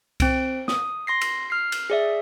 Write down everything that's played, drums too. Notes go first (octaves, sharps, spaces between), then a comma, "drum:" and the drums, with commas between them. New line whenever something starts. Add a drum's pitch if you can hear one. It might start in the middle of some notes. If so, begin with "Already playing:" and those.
C4 D7, drum: kick C2, cymbal
D#6, drum: snare
C6 A#6 C7
drum: cymbal
F6 C7
drum: cymbal
G#4 D5 E5